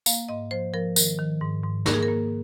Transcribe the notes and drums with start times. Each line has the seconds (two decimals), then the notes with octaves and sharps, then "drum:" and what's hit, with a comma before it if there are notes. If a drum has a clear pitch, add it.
0.06 A#3 F5, drum: tambourine
0.28 G#2 D#5
0.51 F3 C5
0.73 F3 A#4
0.96 D#3 A#4, drum: tambourine
1.19 D#3
1.41 G#2
1.64 G#2
1.86 A#3 A#4, drum: snare
1.94 G#4
2.03 A#4
2.08 A#3